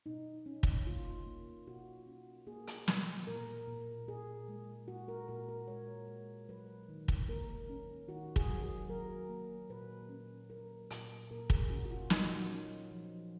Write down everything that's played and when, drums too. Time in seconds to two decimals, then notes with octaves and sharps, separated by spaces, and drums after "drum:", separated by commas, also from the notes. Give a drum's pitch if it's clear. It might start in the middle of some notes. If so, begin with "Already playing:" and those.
0.06 B2 D#4
0.46 C#4
0.63 drum: kick
0.87 A#3 F4
1.26 A#3
1.67 B2 F#4
2.07 C#4
2.47 A#3 G#4
2.67 drum: hi-hat
2.88 B2, drum: snare
3.27 A#2 A#4
3.67 A#2
4.07 A#2 G#4
4.48 G#3
4.88 A#2 F#4
5.08 A#4
5.28 A#2 A#4
5.49 A#4
5.68 G#3 C#5
6.08 G#3
6.49 F#3 B4
6.89 D#3
7.08 drum: kick
7.28 A#3 A#4
7.70 C#4
8.08 D#3 F#4
8.36 G#4, drum: kick
8.49 F#3
8.63 G#4
8.89 F#3 A#4
9.30 A#3
9.70 A#2 B4
10.09 C#4
10.50 F#3 A#4
10.90 A#2, drum: hi-hat
11.31 A#2 A#4
11.50 G#4, drum: kick
11.70 C#4 F#4
11.85 F#4
11.91 F4
12.10 F#3 D#4, drum: snare
12.50 C#4
12.91 F3